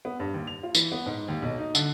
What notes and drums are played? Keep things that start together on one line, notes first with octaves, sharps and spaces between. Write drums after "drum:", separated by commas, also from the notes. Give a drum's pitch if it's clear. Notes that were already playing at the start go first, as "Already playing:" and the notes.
B3
G2
D#2
F7
F4
E3, drum: tambourine
B3
G#2
D#2
B1
D#4
D3, drum: tambourine